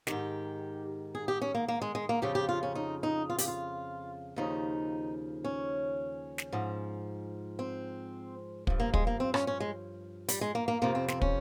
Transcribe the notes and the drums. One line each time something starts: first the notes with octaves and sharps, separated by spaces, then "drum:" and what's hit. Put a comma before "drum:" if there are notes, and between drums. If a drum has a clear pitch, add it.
G#2 D#3 G4, drum: snare
G#4
G4
C#4
A#3
A#3
G#3
G#3
A#3
F2 C#3 F3 G4
G4
F4
C#4
D#4
D#4
F4
G4, drum: hi-hat
F4
D#2 C#3 F3 D#4
C#4
drum: snare
G#2 F3
C4
G2 F3, drum: kick
A#3
G#3, drum: kick
A#3
C4
C#4, drum: rim click
C#4
G#3
G3, drum: hi-hat
G#3
A#3
A#3
F2 C3 F3 A#3
C4
C4, drum: snare
C#4, drum: kick